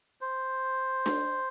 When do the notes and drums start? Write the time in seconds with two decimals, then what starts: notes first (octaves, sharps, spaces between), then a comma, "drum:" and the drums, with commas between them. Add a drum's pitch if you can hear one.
0.21 C5
1.06 drum: snare D4